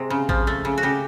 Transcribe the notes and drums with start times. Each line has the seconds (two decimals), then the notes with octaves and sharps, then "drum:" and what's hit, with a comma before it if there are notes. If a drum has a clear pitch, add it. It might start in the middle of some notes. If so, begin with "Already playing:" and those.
Already playing: C3 G#3
0.10 C#3
0.29 F3, drum: kick A1
0.47 A3
0.65 C#3
0.78 F#4
0.83 C#3 G4